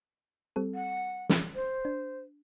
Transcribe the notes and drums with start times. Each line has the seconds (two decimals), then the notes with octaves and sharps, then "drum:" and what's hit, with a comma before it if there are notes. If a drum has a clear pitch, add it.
0.56 G3 C4 A4
0.75 F#5
1.29 drum: snare
1.55 C5
1.85 D4